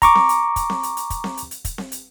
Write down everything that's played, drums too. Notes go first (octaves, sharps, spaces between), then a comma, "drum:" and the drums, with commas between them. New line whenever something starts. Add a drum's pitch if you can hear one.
A#5 C#6 D6, drum: kick, hi-hat
drum: snare C4
drum: hi-hat
drum: kick, hi-hat
drum: snare C4
drum: hi-hat
drum: hi-hat
drum: kick, hi-hat
drum: snare C4
drum: hi-hat
drum: hi-hat
drum: kick, hi-hat
drum: snare C4
drum: hi-hat